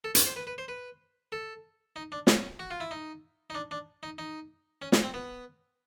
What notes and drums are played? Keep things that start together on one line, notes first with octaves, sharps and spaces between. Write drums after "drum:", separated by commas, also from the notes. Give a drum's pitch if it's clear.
A4
B4, drum: hi-hat
C5
B4
B4
C5
B4
A4
D#4
D4
C#4, drum: snare
F#4
F4
E4
D#4
D#4
D4
D4
D#4
D#4
C#4
C#4, drum: snare
C4
B3